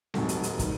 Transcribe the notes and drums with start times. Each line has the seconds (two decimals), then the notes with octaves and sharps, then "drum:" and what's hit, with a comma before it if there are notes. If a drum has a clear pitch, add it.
0.14 F1 D#2 D#3 F#3 A3, drum: snare C4
0.29 drum: hi-hat
0.43 drum: hi-hat
0.59 C3 D#3 G3, drum: kick, hi-hat